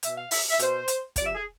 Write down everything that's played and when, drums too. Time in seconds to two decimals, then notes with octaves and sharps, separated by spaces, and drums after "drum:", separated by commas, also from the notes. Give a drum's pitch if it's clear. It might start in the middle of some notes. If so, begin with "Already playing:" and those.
0.03 B2 E5, drum: hi-hat
0.17 F5
0.31 E5, drum: open hi-hat
0.50 E5
0.59 B2 C5, drum: hi-hat
0.88 drum: hi-hat
1.16 C3 F3 D5, drum: kick, hi-hat
1.25 E5
1.35 G#4